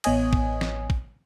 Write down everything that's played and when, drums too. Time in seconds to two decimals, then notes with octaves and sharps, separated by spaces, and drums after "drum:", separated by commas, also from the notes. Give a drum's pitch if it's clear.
0.04 A1 B3 C#5 D#5 G#5 D#6, drum: cymbal
0.33 drum: kick
0.61 drum: snare
0.90 drum: kick